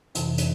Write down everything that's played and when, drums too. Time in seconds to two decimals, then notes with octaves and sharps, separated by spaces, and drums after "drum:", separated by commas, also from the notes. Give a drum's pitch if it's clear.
0.15 F2 C3 E3, drum: hi-hat
0.38 drum: hi-hat